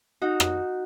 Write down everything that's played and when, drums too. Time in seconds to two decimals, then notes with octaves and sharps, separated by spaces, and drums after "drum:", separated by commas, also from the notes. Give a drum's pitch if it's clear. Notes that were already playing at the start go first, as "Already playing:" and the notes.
0.22 D#4 F#4
0.40 drum: rim click